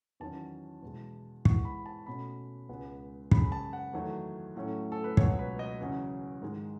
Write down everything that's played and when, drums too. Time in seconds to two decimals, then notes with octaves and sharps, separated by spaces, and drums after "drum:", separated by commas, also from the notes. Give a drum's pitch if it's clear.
0.20 E2 D#3 F#3 C#4 A5
0.82 E2 B2 G#3
1.45 G#2 E3 G#3 B3 C#6, drum: kick
1.65 B5
1.86 A5
2.06 B2 A3 C#4 B5
2.69 C#2 C#3 G#3 B3
3.31 F#2 C#3 G#3 C#4 B5, drum: kick
3.52 A5
3.73 F#5
3.93 E2 D#3 F#3 A3
4.56 A2 F#3 A3 C#4
4.92 A4
5.04 B4
5.17 C#2 B2 F#3 C#5, drum: kick
5.39 B4
5.59 D#5
5.80 E2 C#3 F#3 C#4
6.42 G#2 D#3 G#3